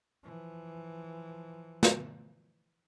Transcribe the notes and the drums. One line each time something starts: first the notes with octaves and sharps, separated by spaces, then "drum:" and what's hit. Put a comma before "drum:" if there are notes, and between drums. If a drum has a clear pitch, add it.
E3 F3
drum: snare